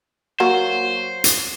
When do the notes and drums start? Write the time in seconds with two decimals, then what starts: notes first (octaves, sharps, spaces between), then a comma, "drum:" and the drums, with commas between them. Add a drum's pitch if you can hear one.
0.40 F#3 A#3 F#4 C5
1.24 drum: hi-hat